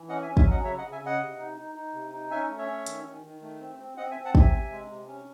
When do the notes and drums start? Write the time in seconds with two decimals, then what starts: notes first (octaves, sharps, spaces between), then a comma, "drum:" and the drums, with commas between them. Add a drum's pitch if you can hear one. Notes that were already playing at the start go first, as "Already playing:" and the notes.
Already playing: E3
0.09 C#4 D#5 F#5
0.22 E5 G#5
0.28 C#4
0.37 E5 G#5, drum: kick
0.46 F#3 D#5 F#5
0.64 C#3 C#5 E5
0.78 D#5 F#5
0.83 C#3
0.92 E5 G#5
1.01 C#3 D#5 F#5
1.20 C3
1.39 D#4
1.57 D#4
1.75 D#4
1.94 C3
2.12 D#4
2.31 C#4 E5 G#5
2.49 A3
2.58 C#5 E5
2.68 C#4
2.86 D#3, drum: hi-hat
3.05 D#3
3.23 D#3
3.42 A3
3.60 C4
3.79 C4
3.97 C4 D#5 F#5
4.11 E5 G#5
4.16 C4
4.25 F#5 A5
4.35 C3 E5 G#5, drum: kick
4.52 C3
4.71 G#3
4.90 C3
5.08 C#4